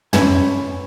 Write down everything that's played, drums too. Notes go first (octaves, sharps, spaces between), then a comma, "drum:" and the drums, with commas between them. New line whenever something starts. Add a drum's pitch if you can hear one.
C#4 B4 G#5, drum: tom